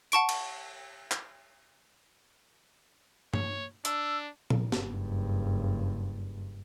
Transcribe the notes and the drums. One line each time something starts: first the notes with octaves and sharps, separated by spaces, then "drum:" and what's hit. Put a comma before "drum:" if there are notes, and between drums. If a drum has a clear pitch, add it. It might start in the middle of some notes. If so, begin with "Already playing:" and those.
F#5 A5 C#6 D7, drum: tambourine
drum: cymbal
drum: clap
C#5, drum: tom G2
D4 E6, drum: hi-hat
drum: tom A#2
F#1 G2, drum: snare